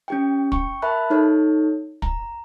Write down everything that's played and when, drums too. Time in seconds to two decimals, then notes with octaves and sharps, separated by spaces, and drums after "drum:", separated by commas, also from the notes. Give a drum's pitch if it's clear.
0.08 C#4 G4 G5
0.52 G5 C#6, drum: kick
0.82 A#4 E5 A5 B5 F#6
1.10 D#4 A4 C#5
2.02 A#5, drum: kick